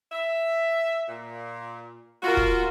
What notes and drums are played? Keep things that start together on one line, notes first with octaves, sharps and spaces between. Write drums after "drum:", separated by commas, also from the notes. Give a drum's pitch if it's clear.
E5
A#2
F4 F#4 A#4
drum: kick